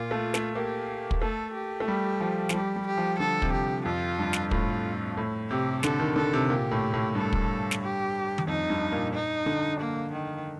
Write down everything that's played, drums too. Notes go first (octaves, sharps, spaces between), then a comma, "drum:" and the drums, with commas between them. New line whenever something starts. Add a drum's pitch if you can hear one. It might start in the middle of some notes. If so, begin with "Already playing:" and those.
Already playing: A#2 F4
A3
A3, drum: snare
A#3 G4
drum: kick
A3 A4
G4
A3
G3 G4
F3
F3, drum: snare
G3 G4
G3
G4
F3
D3 A4
C3, drum: kick
G4
F2 F4
G2
drum: snare
A2 F4, drum: kick
A2
C3 G4
D3 A4, drum: snare
D#3
D3 A4
C3
A#2 G4
A2
A2
G2 A4
drum: kick
drum: snare
G4
drum: tom D#3
F2 D#4
G2
A#2
D#4
D3
A#3
D#3